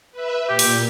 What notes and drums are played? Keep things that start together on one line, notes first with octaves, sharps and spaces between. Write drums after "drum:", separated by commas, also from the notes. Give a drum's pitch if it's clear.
B4 E5
A#2 G4
drum: open hi-hat